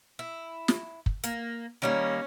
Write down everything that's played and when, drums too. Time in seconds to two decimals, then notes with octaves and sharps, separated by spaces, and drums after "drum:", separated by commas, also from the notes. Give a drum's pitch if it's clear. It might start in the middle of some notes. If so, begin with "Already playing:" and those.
0.19 E4
0.68 drum: snare
1.06 drum: kick
1.24 A#3, drum: hi-hat
1.82 D#3 G3 A#3 C#4